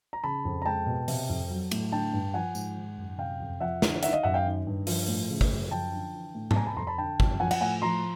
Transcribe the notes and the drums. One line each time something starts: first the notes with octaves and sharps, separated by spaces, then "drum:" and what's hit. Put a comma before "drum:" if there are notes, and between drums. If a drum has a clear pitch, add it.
A#5
C#3 A5 B5
F2
A#5
G#3 G5 A5
B2
C3, drum: open hi-hat
F2
F#3
A2, drum: cymbal
D3 G5 A5
G2
F3 F#5 G#5
G#2, drum: tambourine
D#3
F#2
C3 F5 G5
F2
F3 E5 F#5
D3, drum: snare
D#3 E5 F#5, drum: hi-hat
D#5 F5
F#2 E5 F#5
F5 G5
D#3
G2
F3, drum: open hi-hat
A2
C#3
drum: kick G#1
F#2
F3 G5 A5
D3
E3
A2
A5, drum: tom G#2
C3 G#5 A#5
A5 B5
F2 A#5 C6
A5 B5
D3 G5 A5
F#2, drum: kick G#1
F3 F#5 G#5
F#5 G#5, drum: cymbal
A2 F#5 G#5
F3 A#5 C6